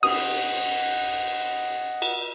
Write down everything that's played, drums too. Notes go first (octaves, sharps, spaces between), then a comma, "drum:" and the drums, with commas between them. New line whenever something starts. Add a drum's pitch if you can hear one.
D#5 F#5 D#6, drum: cymbal
drum: cymbal